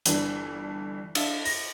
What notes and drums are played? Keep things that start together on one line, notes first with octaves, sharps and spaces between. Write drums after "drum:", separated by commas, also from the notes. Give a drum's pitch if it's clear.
G1 E3 D4, drum: hi-hat
D4 E5 F5, drum: cymbal
A#6, drum: open hi-hat